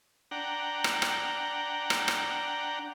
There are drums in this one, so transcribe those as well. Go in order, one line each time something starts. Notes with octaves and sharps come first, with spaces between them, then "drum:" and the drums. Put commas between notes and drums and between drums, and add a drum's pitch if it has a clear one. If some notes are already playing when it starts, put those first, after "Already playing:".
D4 F#5 G5 A#5
drum: rim click
drum: rim click
drum: rim click
drum: rim click